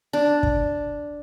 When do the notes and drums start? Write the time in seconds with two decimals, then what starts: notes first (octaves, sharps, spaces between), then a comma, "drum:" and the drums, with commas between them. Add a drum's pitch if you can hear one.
0.13 D4
0.43 drum: kick